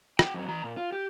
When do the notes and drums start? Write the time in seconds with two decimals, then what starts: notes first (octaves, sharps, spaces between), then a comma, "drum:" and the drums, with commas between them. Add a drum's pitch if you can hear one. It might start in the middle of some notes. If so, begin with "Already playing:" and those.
0.19 F#4 G5, drum: rim click
0.34 F2 F#3
0.48 E3 A#5
0.64 A#2
0.77 F4
0.92 G4